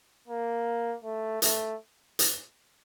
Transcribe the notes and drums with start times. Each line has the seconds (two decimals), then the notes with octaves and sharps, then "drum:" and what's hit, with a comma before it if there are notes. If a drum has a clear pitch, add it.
0.28 A#3
1.04 A3
1.42 A3, drum: hi-hat
2.19 drum: hi-hat